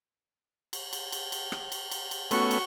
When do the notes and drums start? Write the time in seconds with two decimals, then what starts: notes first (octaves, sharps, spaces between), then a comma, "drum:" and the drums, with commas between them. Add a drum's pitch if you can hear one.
0.73 drum: cymbal
0.93 drum: cymbal
1.12 drum: cymbal
1.32 drum: cymbal
1.52 drum: rim click
1.72 drum: cymbal
1.91 drum: cymbal
2.11 drum: cymbal
2.31 A3 B3 C#4 F#4 C#6, drum: cymbal
2.51 drum: cymbal